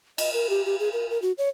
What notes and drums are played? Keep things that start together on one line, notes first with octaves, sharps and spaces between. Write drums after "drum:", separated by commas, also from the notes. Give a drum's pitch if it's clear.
D#5, drum: cymbal
A#4
G4
G4
G#4
A#4
A#4
F#4
C#5